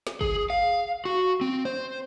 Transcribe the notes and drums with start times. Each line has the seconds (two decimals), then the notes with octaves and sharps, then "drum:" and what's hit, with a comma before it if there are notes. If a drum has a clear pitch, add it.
0.07 drum: snare
0.21 G#4, drum: kick
0.50 F5
1.05 F#4
1.41 C4
1.65 C5